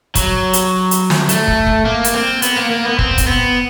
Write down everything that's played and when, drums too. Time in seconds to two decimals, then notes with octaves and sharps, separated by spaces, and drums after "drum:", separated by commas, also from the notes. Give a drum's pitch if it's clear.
0.15 F#3, drum: kick, hi-hat
0.53 drum: hi-hat
0.91 drum: hi-hat
1.10 drum: snare
1.29 A3, drum: hi-hat
1.48 drum: kick
1.67 drum: kick
1.85 A#3
2.04 drum: hi-hat
2.14 C4
2.42 B3, drum: hi-hat
2.56 A#3
2.71 A#3
2.85 B3
2.99 C4, drum: kick
3.18 drum: kick, hi-hat
3.27 B3